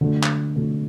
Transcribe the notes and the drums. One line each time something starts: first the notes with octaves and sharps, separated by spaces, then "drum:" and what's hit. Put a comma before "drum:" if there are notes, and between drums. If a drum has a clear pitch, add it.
D3 F#3 A3
drum: clap
D3 F#3 A3